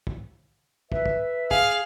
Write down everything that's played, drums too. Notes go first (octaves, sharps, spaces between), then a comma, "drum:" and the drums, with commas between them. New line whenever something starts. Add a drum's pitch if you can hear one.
drum: kick
B4 E5, drum: kick
drum: kick
G#4 F5, drum: kick